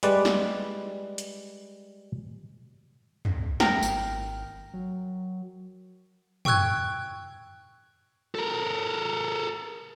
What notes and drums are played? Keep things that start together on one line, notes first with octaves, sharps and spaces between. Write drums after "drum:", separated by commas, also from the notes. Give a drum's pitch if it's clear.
G3 G#3 B4 D5, drum: hi-hat
drum: snare
drum: hi-hat
drum: tom
A#4 G5 A#5, drum: snare
G#1, drum: tambourine
F#3
G5 C#6 E6 F#6 G#6, drum: tom
A4 A#4